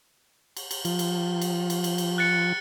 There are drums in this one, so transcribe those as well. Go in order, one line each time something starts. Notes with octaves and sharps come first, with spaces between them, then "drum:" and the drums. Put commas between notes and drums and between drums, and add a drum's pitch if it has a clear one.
drum: cymbal
drum: cymbal
F3, drum: cymbal
drum: cymbal
drum: cymbal
drum: cymbal
drum: cymbal
drum: cymbal
F#6 A6 C#7